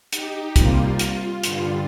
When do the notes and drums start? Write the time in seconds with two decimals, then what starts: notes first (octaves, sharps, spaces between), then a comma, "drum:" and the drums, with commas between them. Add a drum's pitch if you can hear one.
0.12 D#4 G4, drum: hi-hat
0.56 C3 G3 A#3 F4, drum: kick, hi-hat
0.99 F4, drum: hi-hat
1.43 G2 D3 G3, drum: hi-hat